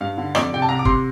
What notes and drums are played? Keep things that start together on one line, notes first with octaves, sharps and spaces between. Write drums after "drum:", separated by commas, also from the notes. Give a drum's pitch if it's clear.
G2 F5
D3
F2 D5, drum: rim click
C3 G5
A5
C2 A#5
D6
C3 C6, drum: kick G1